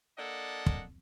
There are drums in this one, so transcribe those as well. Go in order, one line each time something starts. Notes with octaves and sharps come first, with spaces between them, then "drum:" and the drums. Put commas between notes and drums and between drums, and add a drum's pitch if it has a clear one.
A#3 D4 A4 D#5 F#5
drum: kick